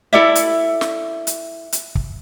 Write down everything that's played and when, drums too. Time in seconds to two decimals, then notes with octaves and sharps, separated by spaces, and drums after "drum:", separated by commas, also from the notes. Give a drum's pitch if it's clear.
0.13 E4 A4 D5 E5
0.35 drum: hi-hat
0.81 drum: snare
1.27 drum: hi-hat
1.72 drum: hi-hat
1.95 drum: kick